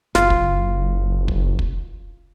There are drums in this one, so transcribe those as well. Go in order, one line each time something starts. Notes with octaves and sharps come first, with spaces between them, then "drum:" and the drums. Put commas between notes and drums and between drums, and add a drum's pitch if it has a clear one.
F#1 F4, drum: snare
drum: kick
drum: kick
drum: kick